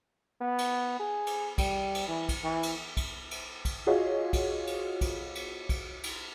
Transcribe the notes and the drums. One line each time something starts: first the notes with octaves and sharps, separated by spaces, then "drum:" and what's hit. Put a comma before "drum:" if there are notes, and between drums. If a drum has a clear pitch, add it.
B3
drum: cymbal
G#4
drum: cymbal
G3, drum: kick, cymbal
drum: cymbal
E3
drum: kick, cymbal
E3
drum: cymbal
drum: kick, cymbal
drum: cymbal
drum: kick, cymbal
F4 F#4 G#4 C#5 D#5 F5
drum: kick, cymbal
drum: cymbal
drum: kick, cymbal
drum: cymbal
drum: kick, cymbal
drum: cymbal